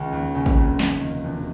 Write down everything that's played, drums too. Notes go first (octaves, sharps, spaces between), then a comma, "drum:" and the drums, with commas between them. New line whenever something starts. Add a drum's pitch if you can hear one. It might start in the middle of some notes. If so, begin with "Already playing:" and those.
Already playing: C#2 D#3 F4
D#2
C#3
drum: kick
F1
D#2, drum: snare
D#3
E1